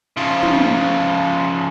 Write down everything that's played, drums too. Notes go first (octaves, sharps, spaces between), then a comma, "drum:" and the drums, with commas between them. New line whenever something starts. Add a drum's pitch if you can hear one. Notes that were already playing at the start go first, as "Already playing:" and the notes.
C#3 F3
drum: tom